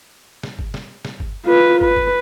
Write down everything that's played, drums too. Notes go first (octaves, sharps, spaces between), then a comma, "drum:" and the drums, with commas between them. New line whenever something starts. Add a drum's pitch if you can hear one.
drum: snare
drum: kick
drum: snare
drum: snare
drum: kick
F4 B4
B4, drum: kick
drum: kick